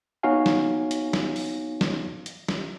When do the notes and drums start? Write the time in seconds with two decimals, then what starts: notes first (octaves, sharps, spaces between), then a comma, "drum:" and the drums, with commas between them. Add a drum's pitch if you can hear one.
0.23 B3 D#4 F#4 C#5 F5 G#5
0.46 drum: snare
0.91 drum: hi-hat
1.13 drum: snare
1.36 drum: open hi-hat
1.81 drum: snare
2.26 drum: hi-hat
2.49 drum: snare